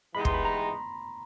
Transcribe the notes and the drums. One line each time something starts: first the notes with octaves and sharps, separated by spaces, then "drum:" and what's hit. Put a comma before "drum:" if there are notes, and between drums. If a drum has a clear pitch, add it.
E3 G#3 B3 D#4 G4 B5
C6, drum: kick
B5
A#5